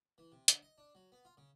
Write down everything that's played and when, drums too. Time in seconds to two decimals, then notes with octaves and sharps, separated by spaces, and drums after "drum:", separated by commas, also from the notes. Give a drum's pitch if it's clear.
0.18 E3
0.32 C3
0.48 D3, drum: hi-hat
0.62 D#5
0.78 D4
0.95 F#3
1.12 B3
1.25 F4
1.37 C#3